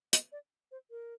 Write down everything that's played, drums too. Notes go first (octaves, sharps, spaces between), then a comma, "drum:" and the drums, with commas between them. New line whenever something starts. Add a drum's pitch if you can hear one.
D#5, drum: hi-hat
D5
C5
A#4